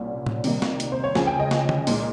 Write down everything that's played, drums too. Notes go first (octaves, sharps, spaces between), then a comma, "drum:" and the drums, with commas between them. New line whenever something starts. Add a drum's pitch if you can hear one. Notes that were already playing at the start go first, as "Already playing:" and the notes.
Already playing: C2 A#2 G3 C#4
drum: tom A2
C3 D#3 G3 A#3 D#4, drum: open hi-hat
drum: snare
drum: hi-hat
C5
C#5
C#2 C#3 F3 G#5, drum: snare
G5
D#5
drum: snare
drum: tom D3
A#2 G#3 D#4, drum: open hi-hat